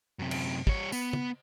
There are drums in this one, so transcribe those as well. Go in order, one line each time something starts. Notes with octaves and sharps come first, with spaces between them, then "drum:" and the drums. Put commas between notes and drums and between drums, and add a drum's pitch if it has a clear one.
F#2 C3
drum: cymbal
G3 C#5, drum: kick
B3, drum: tambourine
drum: tom